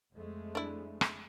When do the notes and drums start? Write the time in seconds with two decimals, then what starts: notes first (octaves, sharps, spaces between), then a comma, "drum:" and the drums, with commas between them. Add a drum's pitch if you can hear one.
0.16 F2 G#3 A3
0.55 D4 E4
1.01 drum: rim click